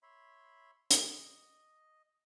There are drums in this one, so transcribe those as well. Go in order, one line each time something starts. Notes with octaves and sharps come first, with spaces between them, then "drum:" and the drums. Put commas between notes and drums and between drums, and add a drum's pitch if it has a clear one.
C#5 E5 B5 C6
D#5, drum: hi-hat